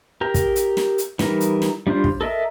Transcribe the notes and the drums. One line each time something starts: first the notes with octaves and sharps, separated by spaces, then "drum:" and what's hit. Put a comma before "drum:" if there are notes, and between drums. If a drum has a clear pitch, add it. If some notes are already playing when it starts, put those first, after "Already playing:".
G4 A#4 A#5
drum: kick, hi-hat
drum: hi-hat
drum: snare
drum: hi-hat
E3 G3 D#4 A#4, drum: snare
drum: hi-hat
drum: snare
G3 D4 F4 C5
drum: kick
A4 A#4 D#5 E5